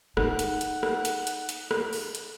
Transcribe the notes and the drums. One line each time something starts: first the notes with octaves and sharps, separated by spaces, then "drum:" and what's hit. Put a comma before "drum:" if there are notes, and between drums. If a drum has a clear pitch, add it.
D#4 F#5, drum: rim click
drum: hi-hat
drum: hi-hat
drum: rim click
drum: hi-hat
drum: hi-hat
drum: hi-hat
drum: rim click
drum: open hi-hat
drum: hi-hat